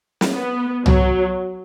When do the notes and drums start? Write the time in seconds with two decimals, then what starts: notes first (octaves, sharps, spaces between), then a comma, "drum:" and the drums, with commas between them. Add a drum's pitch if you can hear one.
0.21 drum: snare
0.33 B3
0.86 F#3, drum: tom C2